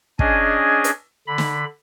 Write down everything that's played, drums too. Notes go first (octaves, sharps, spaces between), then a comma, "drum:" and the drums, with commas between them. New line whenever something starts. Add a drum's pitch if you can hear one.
C#4 D4 G#4 D#5 G#5, drum: kick
drum: hi-hat
D3 B5
drum: snare